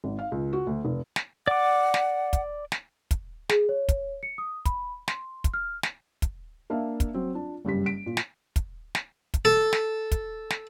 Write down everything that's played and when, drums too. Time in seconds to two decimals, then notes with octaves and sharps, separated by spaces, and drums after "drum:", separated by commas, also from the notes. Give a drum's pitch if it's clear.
0.04 G#1
0.19 F5
0.32 C#2
0.53 F#4
0.67 D2
0.85 F1
1.16 drum: snare
1.47 D5 F#5 D6
1.94 drum: snare
2.33 drum: kick, hi-hat
2.72 drum: snare
3.11 drum: kick, hi-hat
3.49 G#4, drum: snare
3.69 C#5
3.89 drum: kick, hi-hat
4.23 C#7
4.38 D#6
4.65 B5, drum: kick, hi-hat
5.08 C6, drum: snare
5.44 drum: kick, hi-hat
5.54 F6
5.83 drum: snare
6.22 drum: kick, hi-hat
6.70 A#3 D4 E5 F5
7.00 drum: kick, hi-hat
7.14 F#3 C4
7.34 D4 F4
7.65 F#1 G2 G4 B6
7.86 B6 D7
8.06 A#2
8.17 drum: snare
8.56 drum: kick, hi-hat
8.95 drum: snare
9.34 drum: kick, hi-hat
9.45 A4
9.73 drum: snare
10.11 drum: kick, hi-hat
10.50 drum: snare